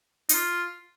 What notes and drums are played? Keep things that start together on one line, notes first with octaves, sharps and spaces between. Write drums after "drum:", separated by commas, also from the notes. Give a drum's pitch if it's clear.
D#4, drum: hi-hat
F4